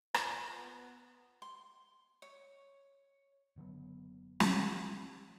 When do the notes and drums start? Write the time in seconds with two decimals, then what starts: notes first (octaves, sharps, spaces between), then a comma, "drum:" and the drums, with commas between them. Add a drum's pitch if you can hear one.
0.14 F4, drum: rim click
0.55 B3
1.42 C6
2.22 C#5
3.56 F#1 D3 F#3 B3
4.40 drum: snare